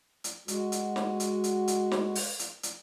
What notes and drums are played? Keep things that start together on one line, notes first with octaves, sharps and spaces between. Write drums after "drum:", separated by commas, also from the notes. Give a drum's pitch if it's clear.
drum: hi-hat
G#3 F#4, drum: hi-hat
drum: hi-hat
drum: snare
drum: hi-hat
drum: hi-hat
drum: hi-hat
drum: snare
drum: open hi-hat
drum: hi-hat
drum: hi-hat